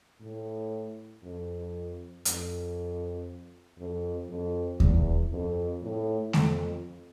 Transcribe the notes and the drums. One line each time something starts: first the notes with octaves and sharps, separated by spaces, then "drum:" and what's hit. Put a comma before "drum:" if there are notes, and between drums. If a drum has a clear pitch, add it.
A2
F2
F2, drum: hi-hat
F2
F2
E2, drum: kick D#2
F2
A2
F2, drum: snare A3